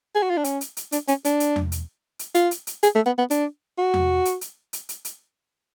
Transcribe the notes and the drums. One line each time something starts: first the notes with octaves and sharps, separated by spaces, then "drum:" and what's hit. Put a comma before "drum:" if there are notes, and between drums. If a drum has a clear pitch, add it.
G#4
F#4
F4
D4
C#4, drum: hi-hat
drum: hi-hat
drum: hi-hat
D4, drum: hi-hat
C#4, drum: hi-hat
D4, drum: hi-hat
drum: hi-hat
drum: tom E2
drum: hi-hat
drum: hi-hat
F4, drum: hi-hat
drum: hi-hat
drum: hi-hat
G#4, drum: hi-hat
A3
B3
B3
D4, drum: hi-hat
F#4
drum: tom E2
drum: hi-hat
drum: hi-hat
drum: hi-hat
drum: hi-hat
drum: hi-hat